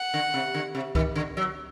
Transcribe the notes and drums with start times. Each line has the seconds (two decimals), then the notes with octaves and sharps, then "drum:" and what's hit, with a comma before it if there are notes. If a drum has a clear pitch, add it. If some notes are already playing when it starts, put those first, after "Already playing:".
Already playing: F#5
0.14 D3
0.34 C3
0.54 D3
0.75 C3
0.95 D#3, drum: kick C#2
1.15 D3
1.37 F#3